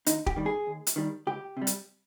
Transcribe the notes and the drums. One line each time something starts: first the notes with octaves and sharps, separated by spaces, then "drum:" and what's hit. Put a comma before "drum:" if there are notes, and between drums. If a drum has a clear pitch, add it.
D#2 D#4, drum: hi-hat
G4, drum: kick
D#3 G3
G#4
D#2
drum: hi-hat
D#3 G3
C#2 G4
C3 G3
drum: hi-hat